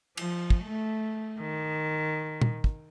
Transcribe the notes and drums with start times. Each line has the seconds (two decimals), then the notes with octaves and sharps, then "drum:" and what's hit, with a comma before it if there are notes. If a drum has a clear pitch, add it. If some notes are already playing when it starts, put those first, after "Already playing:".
0.17 F3, drum: cymbal
0.50 drum: kick
0.64 A3
1.39 D#3
2.42 drum: tom A#2
2.64 drum: kick